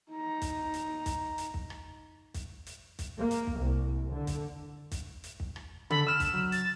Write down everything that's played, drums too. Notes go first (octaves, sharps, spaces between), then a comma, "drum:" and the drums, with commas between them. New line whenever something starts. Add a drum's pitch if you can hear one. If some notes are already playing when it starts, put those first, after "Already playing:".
D#4 A#5
drum: kick, hi-hat
drum: hi-hat
drum: kick, hi-hat
drum: hi-hat
drum: kick
drum: rim click
drum: kick, hi-hat
drum: hi-hat
drum: kick, hi-hat
A#3
drum: hi-hat
drum: kick
C2
D3
drum: kick, hi-hat
drum: kick, hi-hat
drum: hi-hat
drum: kick
drum: rim click
D3 A4 B5, drum: tom C#3
E6 F6 E7
drum: kick, hi-hat
F#3
A6, drum: hi-hat